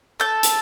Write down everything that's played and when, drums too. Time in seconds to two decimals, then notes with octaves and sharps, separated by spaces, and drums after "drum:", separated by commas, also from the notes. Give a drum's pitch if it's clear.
0.20 A4 G6
0.43 drum: hi-hat